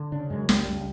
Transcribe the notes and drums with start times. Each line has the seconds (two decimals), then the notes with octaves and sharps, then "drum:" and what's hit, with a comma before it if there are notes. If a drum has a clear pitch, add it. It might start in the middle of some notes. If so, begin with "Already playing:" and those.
Already playing: D3
0.12 C#3 D4
0.30 F#2 G#3
0.49 C#2 G3, drum: snare
0.67 C#2